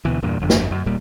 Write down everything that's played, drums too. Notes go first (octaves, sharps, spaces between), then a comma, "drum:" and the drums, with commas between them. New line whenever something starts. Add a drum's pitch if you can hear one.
D2 B2 E3
E2 G2 A#2
G1 F2 D3
drum: snare
F#2
D#1 A#2 G3